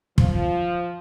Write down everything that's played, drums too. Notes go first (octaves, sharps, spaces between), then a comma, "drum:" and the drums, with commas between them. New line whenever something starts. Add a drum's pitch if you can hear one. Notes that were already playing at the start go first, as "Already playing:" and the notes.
F3, drum: kick